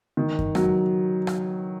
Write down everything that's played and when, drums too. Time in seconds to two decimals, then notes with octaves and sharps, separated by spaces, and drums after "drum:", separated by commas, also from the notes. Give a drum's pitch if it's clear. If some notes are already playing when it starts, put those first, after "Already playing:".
0.17 D#3
0.39 drum: kick F#2
0.55 F#3, drum: rim click
1.27 drum: rim click